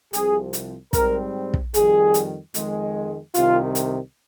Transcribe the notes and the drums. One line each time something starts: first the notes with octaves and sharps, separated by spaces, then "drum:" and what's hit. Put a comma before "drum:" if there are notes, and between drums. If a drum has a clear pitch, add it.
C2 C3 F3 G#4, drum: hi-hat
drum: hi-hat
G#2 G3 C4 A#4, drum: kick, hi-hat
drum: kick
F2 D#3 G3 G#4, drum: hi-hat
drum: hi-hat
F2 D#3 G#3, drum: hi-hat
C2 C3 D#3 F4, drum: hi-hat
drum: hi-hat